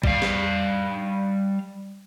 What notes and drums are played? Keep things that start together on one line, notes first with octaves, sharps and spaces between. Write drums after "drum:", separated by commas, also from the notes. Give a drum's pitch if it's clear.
G3 F5, drum: kick
drum: snare